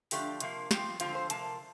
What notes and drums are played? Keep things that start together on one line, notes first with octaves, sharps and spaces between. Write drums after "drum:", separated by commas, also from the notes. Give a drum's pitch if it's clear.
D3 F3 A3 D4 F4 G4, drum: open hi-hat
C3 F3 A#3, drum: hi-hat
F3 C4 F4 G4, drum: snare
D3 F3 C4 F4, drum: hi-hat
C5
C3 F3 A#3 A5, drum: hi-hat